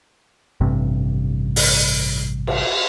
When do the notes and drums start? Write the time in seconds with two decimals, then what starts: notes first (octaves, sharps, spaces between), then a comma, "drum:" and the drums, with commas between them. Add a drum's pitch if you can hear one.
0.61 A1 G2 C3
1.56 drum: open hi-hat
2.47 drum: cymbal